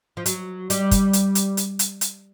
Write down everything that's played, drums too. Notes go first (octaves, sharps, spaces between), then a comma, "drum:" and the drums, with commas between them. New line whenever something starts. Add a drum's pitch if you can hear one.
F3
F#3, drum: hi-hat
G3, drum: hi-hat
drum: kick, hi-hat
drum: hi-hat
drum: hi-hat
drum: hi-hat
drum: hi-hat
drum: hi-hat